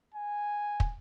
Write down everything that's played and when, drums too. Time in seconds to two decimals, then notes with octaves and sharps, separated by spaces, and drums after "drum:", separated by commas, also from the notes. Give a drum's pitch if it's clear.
0.14 G#5
0.80 drum: kick